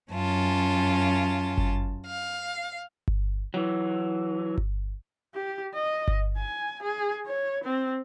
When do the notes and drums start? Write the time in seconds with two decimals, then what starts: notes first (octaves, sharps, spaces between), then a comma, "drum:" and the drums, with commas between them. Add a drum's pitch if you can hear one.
0.13 F#2 C#4 F4 A5
1.58 drum: kick G1
2.05 F5
3.08 drum: kick G1
3.54 E3 F#3
4.58 drum: kick G1
5.34 G4
5.75 D#5
6.08 drum: kick G1
6.37 G#5
6.83 G#4
7.26 C#5
7.64 C4